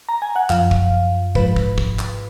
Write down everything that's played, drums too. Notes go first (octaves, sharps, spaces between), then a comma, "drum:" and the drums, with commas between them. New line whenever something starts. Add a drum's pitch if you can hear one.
A#5
G#5
F#5
F#2 F3 F5, drum: clap
drum: kick
G#2 F3 B4, drum: kick
drum: kick
drum: kick
drum: clap